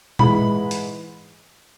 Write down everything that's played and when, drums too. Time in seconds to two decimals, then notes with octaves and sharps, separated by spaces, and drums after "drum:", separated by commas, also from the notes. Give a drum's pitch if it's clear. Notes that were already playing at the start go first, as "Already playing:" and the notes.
0.19 G#2 E3 G#3 B5, drum: tom A#2
0.71 drum: hi-hat